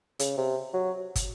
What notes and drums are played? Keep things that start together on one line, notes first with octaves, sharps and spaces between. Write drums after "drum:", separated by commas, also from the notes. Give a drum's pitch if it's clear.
C#3, drum: hi-hat
C3
F#3
drum: kick, hi-hat